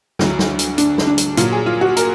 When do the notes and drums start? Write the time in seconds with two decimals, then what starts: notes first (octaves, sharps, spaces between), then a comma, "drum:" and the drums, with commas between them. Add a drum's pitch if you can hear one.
0.19 D2 D3 F#3, drum: snare
0.39 drum: snare
0.59 drum: hi-hat
0.78 D4, drum: hi-hat
0.98 drum: snare
1.07 D4
1.18 drum: hi-hat
1.37 A#2 F#3 F4, drum: hi-hat
1.52 G#4
1.66 F4
1.81 F#4
1.97 A#4, drum: hi-hat